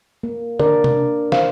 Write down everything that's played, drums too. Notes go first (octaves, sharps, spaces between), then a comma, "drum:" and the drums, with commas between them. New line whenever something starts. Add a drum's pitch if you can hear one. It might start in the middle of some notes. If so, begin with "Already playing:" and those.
A#3
D4 A#4 D5, drum: tom D3
drum: tom C3
D4
D4 C5 F5, drum: snare